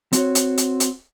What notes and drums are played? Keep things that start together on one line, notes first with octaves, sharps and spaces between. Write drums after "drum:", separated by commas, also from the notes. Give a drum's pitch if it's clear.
C4 F#4 C#5, drum: hi-hat
drum: hi-hat
drum: hi-hat
drum: hi-hat